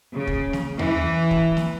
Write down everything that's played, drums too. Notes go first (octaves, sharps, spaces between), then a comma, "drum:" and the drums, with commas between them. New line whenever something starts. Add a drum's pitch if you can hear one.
C#3
drum: kick
drum: snare
E3, drum: tom D#2
drum: kick
drum: snare